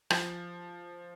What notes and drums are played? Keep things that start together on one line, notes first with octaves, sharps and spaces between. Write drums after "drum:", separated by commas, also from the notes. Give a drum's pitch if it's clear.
F3, drum: rim click